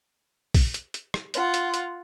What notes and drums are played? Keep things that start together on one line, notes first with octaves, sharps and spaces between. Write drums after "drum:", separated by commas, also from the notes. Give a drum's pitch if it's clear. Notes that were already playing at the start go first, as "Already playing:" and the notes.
drum: kick A#1, open hi-hat
drum: hi-hat
drum: hi-hat
drum: rim click
F4 F#5, drum: hi-hat
drum: hi-hat
drum: hi-hat